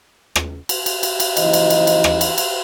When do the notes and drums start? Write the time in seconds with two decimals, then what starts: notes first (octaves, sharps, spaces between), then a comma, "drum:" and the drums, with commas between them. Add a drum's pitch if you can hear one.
0.36 drum: rim click
0.69 drum: cymbal
0.86 drum: cymbal
1.03 drum: cymbal
1.20 drum: cymbal
1.37 F#1 E3 F3 D#4 C5 D#5, drum: cymbal
1.53 drum: cymbal
1.70 drum: cymbal
1.87 drum: cymbal
2.04 drum: rim click
2.21 drum: cymbal
2.38 drum: cymbal